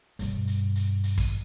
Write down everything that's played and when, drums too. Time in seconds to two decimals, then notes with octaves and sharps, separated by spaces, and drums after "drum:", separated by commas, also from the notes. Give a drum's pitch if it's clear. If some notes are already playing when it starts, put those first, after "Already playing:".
0.19 G2 B2, drum: hi-hat
0.47 drum: hi-hat
0.75 drum: hi-hat
1.04 drum: hi-hat
1.18 drum: kick, open hi-hat